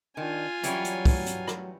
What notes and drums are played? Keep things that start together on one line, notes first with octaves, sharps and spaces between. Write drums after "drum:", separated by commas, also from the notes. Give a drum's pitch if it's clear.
D#3 D4 F4 G#5
E3 F#3 G3 C#4, drum: hi-hat
drum: hi-hat
drum: kick, open hi-hat
drum: hi-hat
drum: rim click